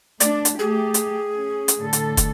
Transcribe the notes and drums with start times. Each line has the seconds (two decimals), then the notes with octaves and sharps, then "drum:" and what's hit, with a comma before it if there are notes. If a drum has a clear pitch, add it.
0.20 A3 D4 D5, drum: hi-hat
0.45 drum: hi-hat
0.59 A3 G4 G#4
0.94 drum: hi-hat
1.35 C#4
1.68 drum: hi-hat
1.81 A2 D3 A4
1.93 drum: hi-hat
2.17 drum: kick, hi-hat